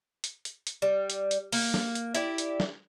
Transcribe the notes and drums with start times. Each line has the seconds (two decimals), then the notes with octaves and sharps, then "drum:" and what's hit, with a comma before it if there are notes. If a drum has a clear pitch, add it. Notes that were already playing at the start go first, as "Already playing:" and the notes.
0.24 drum: hi-hat
0.45 drum: hi-hat
0.67 drum: hi-hat
0.82 G3
1.10 drum: hi-hat
1.31 drum: hi-hat
1.53 A#3, drum: open hi-hat
1.74 drum: snare
1.95 drum: hi-hat
2.15 E4 G4 D5, drum: hi-hat
2.38 drum: hi-hat
2.60 drum: snare